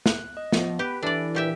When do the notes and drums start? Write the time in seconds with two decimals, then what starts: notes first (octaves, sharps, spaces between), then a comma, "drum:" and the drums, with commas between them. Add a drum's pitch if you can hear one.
0.06 F#6, drum: snare
0.37 D#5
0.52 F3 B3, drum: snare
0.79 G4 B4
1.03 E3 D4 A4 D5
1.35 A#2 G4 E5